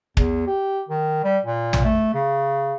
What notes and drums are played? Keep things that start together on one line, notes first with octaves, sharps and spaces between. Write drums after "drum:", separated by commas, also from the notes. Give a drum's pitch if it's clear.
E2, drum: kick
G4
D#3
G3
A#2
drum: tom
A3
C#3